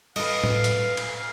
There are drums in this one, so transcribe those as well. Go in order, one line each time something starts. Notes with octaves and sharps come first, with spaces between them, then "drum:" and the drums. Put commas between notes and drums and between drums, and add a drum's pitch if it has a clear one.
A4 B4 D#5 F5, drum: cymbal
drum: tom A2
drum: hi-hat
drum: cymbal